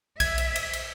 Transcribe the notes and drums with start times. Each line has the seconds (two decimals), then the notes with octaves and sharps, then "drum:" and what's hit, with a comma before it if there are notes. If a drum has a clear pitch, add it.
0.20 E5 G#6, drum: kick B1, cymbal
0.38 drum: cymbal
0.56 drum: cymbal
0.73 drum: cymbal